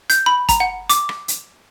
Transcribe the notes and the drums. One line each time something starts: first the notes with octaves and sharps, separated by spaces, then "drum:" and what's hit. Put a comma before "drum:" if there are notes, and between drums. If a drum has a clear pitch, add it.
G6, drum: hi-hat
B5
A#5, drum: kick, hi-hat
F#5
D6, drum: hi-hat
drum: rim click
drum: hi-hat